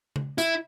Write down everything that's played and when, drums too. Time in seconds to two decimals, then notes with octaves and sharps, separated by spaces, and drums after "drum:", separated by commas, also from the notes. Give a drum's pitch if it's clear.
0.16 drum: tom C#3
0.38 E4, drum: hi-hat